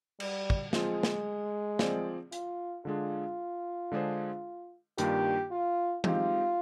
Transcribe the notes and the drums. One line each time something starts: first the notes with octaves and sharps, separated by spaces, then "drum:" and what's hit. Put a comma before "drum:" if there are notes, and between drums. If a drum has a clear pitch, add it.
G3, drum: cymbal
drum: kick
F3 G#3 C4 F4 G#4, drum: snare
drum: snare
F3 C4 F4 G#4 D5, drum: snare
F4, drum: hi-hat
D3 G#3 D4 F4 G#4
D3 G#3 D4 G#4 C5
G2 D#3 A#3 D4 F4 G4, drum: hi-hat
F4
G#3 C4 D#4 F4 G4, drum: tom E3